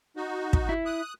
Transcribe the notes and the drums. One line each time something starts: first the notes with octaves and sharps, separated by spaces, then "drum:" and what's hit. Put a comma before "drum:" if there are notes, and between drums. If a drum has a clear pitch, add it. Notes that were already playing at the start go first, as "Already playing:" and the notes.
D#4 F#4
drum: kick
E4
D#6 F#6